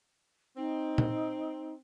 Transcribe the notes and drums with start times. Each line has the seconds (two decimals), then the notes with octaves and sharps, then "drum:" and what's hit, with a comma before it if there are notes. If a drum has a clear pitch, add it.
0.57 C4 D#4
0.98 drum: tom A#2